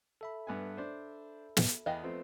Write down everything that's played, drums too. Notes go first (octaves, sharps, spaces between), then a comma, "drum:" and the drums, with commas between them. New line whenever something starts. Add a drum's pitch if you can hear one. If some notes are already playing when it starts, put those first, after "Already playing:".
A4 E5 B5
G2 B3 G#5
D4 C5
drum: snare
E2 B3 D#5 F5
F3 A3 C4